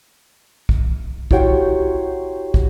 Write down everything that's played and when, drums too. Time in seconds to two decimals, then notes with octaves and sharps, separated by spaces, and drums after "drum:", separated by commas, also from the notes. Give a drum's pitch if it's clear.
0.69 drum: kick
1.31 E4 F#4 G4 C#5 F#5 G5, drum: kick
2.54 drum: kick